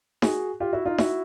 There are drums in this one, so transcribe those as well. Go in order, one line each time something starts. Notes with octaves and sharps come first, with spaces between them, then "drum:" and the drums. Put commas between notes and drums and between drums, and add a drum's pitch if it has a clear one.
F#4 G#4, drum: snare D#4
F4 G4
E4 F#4
D#4 F4
E4 F#4, drum: snare D#4